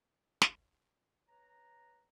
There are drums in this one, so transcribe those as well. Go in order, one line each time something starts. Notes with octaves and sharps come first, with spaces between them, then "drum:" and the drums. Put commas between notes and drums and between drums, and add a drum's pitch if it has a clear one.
drum: snare
B4 C#5 A#5